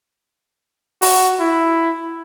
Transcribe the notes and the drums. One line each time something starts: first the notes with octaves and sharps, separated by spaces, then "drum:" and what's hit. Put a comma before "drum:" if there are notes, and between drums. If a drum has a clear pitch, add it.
F#4, drum: open hi-hat
E4